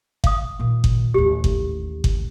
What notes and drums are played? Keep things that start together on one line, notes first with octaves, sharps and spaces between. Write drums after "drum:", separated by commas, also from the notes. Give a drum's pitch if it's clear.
F5 D#6, drum: kick G1
A#2 D#3
drum: kick G1
A1 D#2 G4
drum: kick G1
drum: kick G1